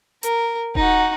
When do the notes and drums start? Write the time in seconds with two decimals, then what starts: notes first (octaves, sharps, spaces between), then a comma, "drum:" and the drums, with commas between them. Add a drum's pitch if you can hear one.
0.23 A#4, drum: hi-hat
0.75 D#4 F#4, drum: kick D#1